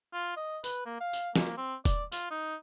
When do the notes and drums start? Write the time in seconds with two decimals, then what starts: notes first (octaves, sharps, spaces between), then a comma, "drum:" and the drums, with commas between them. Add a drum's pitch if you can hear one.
0.13 F4
0.37 D#5
0.64 B4, drum: tambourine
0.86 A#3
1.00 F5
1.13 drum: tambourine
1.36 A#3, drum: snare
1.57 C4
1.85 D5, drum: kick E1, tambourine
2.12 F4, drum: tambourine
2.31 D#4